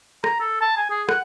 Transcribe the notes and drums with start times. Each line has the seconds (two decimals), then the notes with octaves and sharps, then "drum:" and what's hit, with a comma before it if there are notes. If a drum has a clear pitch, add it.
0.24 A#5, drum: rim click
0.40 A4
0.61 A5
0.77 G#5
0.90 G#4
1.09 F#5, drum: rim click